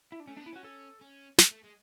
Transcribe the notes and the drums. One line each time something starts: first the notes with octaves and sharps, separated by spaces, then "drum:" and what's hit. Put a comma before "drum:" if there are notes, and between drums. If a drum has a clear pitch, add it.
E4
D4
A3 C#4
D4
B3
E4
C#4 F#4
A4
C#4
A3, drum: snare
A3
G#3